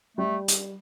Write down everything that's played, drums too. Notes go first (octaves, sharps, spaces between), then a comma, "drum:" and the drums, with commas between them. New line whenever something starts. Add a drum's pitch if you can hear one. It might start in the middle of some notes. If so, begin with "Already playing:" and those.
G3 A3
drum: hi-hat